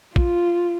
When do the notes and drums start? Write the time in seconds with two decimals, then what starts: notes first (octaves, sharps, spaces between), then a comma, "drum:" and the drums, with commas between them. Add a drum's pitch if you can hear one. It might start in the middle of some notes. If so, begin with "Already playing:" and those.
0.16 F4, drum: kick